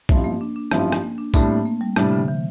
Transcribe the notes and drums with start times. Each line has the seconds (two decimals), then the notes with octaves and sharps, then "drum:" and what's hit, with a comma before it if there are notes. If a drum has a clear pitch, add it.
0.09 A1 G2 F3 C4 E4, drum: kick
0.24 A#3
0.41 D4
0.56 D4
0.71 A1 G2 F3 C4 D4 E4, drum: rim click
0.92 drum: rim click
1.02 A#3
1.18 D4
1.34 A2 G3 C4 D4, drum: kick, tambourine
1.42 A3
1.50 A#3
1.65 A#3
1.81 G3
1.96 A2 C3 G3 D4, drum: rim click
2.12 D3
2.28 E3